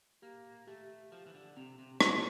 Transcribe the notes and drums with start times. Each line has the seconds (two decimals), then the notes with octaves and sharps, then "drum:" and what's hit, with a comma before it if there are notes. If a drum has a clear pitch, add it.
0.22 A#3 G4
0.67 A3 G4
1.12 F3 G4
1.27 E3
1.34 D3
1.57 C3 C4
1.78 C3
2.01 A#2 F3, drum: rim click